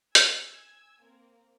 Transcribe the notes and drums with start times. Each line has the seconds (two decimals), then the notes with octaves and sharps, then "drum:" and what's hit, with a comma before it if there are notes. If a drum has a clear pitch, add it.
0.15 G#5 E6 G#6, drum: hi-hat
1.01 A#3 C4